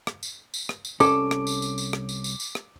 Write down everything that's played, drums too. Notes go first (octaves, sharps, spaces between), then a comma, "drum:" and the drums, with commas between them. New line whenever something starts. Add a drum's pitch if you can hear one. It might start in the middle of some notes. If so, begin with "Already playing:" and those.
drum: rim click
drum: tambourine
drum: tambourine
drum: rim click
drum: tambourine
C2 C#4 A4 D6, drum: tambourine
drum: rim click
drum: tambourine
drum: tambourine
drum: tambourine
drum: rim click
drum: tambourine
drum: tambourine
drum: tambourine
drum: rim click